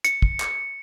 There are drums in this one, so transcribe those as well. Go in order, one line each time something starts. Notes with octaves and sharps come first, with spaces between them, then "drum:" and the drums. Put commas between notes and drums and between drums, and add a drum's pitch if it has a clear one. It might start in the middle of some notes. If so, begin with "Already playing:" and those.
C#7, drum: hi-hat
drum: kick
drum: clap